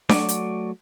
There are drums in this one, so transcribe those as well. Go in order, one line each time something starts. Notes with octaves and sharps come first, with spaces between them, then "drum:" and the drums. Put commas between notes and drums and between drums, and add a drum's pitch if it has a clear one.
F#3 A3 F#4 D5, drum: snare D4
drum: hi-hat